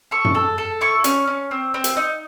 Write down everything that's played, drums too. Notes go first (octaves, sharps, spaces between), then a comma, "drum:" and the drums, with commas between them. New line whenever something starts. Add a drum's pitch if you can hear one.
A4 C#6
drum: tom F#2
A4
A4
E4 C#6
C#4, drum: hi-hat
C#4
C4
C4
drum: hi-hat
D#4